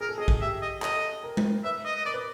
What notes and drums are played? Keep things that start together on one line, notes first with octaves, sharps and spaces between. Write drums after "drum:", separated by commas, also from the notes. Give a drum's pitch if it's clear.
G#4 A#4
A4
G#4 D#5
drum: kick A1
G4 E5
D#5
A4 D#5, drum: clap
A#4
drum: tom G#3
B4 E5
D#5
D#5
A#4 D5
B4